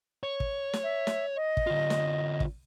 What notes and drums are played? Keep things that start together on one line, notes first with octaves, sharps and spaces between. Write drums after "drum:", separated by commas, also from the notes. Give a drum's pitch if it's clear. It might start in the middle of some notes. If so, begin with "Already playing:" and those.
C#5
drum: kick
drum: snare
E5
drum: snare
D#5
drum: kick
D3 F4
drum: snare
drum: kick